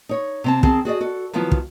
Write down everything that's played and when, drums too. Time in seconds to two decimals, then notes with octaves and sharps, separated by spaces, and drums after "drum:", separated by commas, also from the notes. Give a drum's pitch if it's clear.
0.09 D#4 C#5
0.44 C3 C4 A5
0.63 D#3 C4 G#4 A5, drum: kick
0.85 F#4 G#4 D5 D#5
1.01 F#4 A4
1.33 D#3 F3 F#3 B3 E4 F4
1.52 drum: kick